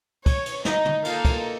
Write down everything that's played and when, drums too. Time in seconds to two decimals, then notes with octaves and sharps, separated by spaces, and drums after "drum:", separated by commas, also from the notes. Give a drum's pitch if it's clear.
0.26 C#5, drum: kick, cymbal
0.46 drum: cymbal
0.65 D#4 D#5, drum: snare
0.85 drum: tom
1.05 A#3 D#4 F4 A4 F5, drum: cymbal
1.25 drum: kick, cymbal